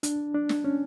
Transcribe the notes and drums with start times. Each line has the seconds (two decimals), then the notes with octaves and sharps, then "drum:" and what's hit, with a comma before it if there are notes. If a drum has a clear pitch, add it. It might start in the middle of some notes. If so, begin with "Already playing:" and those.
0.03 D4, drum: hi-hat
0.35 D4
0.49 drum: snare
0.64 C#4